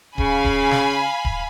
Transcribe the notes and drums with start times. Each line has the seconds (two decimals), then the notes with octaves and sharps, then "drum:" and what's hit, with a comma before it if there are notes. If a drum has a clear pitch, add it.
0.18 C#3 F5 G#5 B5, drum: kick D1
0.45 drum: kick D1
0.71 drum: snare
1.25 drum: kick D1